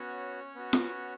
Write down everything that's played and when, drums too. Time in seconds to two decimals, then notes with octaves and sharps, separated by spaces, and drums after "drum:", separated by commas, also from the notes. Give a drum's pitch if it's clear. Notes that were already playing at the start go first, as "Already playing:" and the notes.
Already playing: B3 C#4 F#4 C#5
0.55 B3 F#4
0.73 drum: snare F4